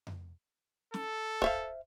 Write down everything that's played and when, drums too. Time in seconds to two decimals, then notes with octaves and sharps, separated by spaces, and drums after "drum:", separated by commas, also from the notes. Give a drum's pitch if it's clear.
0.07 drum: tom F2
0.94 A4, drum: snare
1.42 C5 E5 F5, drum: kick